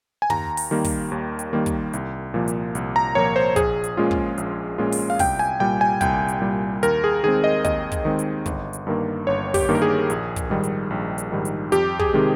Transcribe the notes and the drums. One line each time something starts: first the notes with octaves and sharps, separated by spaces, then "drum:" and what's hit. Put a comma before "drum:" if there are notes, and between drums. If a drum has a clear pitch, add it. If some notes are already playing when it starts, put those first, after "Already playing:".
G#5
D#2 A#5, drum: tom
drum: open hi-hat
D#3 G3 A#3
drum: kick, open hi-hat
D#2
drum: hi-hat
D#3 G3 A#3
drum: kick, hi-hat
C2, drum: hi-hat
A#2 F3 A#3
drum: hi-hat
C2, drum: hi-hat
A#5
A#2 F3 A#3 C#5
C5
A#1 G#4, drum: kick, hi-hat
drum: hi-hat
A#2 G#3 C#4 F4
drum: kick
A#1, drum: hi-hat
A#2 G#3 C#4 F4
drum: open hi-hat
F5
C2 G5, drum: kick, open hi-hat
G#5
A#2 G3 G5
G#5
C2 G5, drum: kick, hi-hat
drum: hi-hat
A#2 G3
D#2 A#4, drum: hi-hat
G#4
D#3 G#3 C4 G#4
D#5
D#2 D#5, drum: kick, hi-hat
drum: kick, hi-hat
D#3 G#3 C4
drum: hi-hat
G1, drum: kick, hi-hat
drum: hi-hat
G2 D#3 A#3
G1 C#5
G4, drum: kick, open hi-hat
G2 D#3 A#3
A#4
G#4
A#1, drum: hi-hat
drum: kick, hi-hat
G#2 D#3 G3
drum: hi-hat
A#1
drum: hi-hat
G#2 D#3 G3
drum: hi-hat
F2 G4, drum: hi-hat
G#4, drum: kick
C3 D#3 G#3 C4